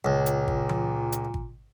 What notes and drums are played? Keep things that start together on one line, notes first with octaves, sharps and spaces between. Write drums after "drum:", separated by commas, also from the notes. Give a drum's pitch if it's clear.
C#2 A#2
drum: hi-hat
drum: kick G#1
drum: tom E3
drum: hi-hat
drum: kick G#1